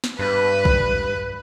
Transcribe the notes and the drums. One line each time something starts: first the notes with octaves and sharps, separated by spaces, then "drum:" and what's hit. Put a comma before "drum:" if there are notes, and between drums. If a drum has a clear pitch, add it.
drum: snare
G2 B4
drum: kick B1